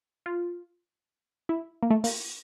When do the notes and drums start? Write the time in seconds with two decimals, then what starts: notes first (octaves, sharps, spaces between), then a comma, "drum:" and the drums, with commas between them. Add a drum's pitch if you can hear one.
0.26 F4
1.49 E4
1.83 A#3
1.90 A3
2.04 A#3, drum: open hi-hat